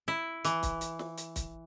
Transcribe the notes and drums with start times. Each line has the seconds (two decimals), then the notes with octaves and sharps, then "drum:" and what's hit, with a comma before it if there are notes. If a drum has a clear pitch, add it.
0.08 E4
0.45 E3, drum: hi-hat
0.63 drum: kick, hi-hat
0.81 drum: hi-hat
0.99 drum: snare
1.18 drum: hi-hat
1.36 drum: kick, hi-hat